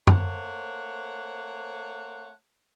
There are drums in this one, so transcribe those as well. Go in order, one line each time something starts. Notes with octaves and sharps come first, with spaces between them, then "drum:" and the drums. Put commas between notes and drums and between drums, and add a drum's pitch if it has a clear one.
A3 A#3 C4 C5 C#5 F#5, drum: tom F#2